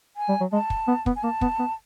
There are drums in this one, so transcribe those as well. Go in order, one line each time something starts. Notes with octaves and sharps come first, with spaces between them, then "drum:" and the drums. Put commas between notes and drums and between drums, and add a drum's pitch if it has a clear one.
G#5
G3
F#3
G#3 A5
drum: kick
B3
B3, drum: kick
G#5
A#3 A5
B3, drum: kick
B3